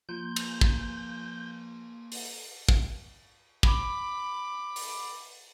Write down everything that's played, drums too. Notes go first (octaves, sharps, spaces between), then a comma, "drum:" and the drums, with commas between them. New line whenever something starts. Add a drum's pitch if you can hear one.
F3 A#3 C6 G6
drum: cymbal
drum: kick
drum: open hi-hat
drum: kick
B5 D6, drum: kick
drum: open hi-hat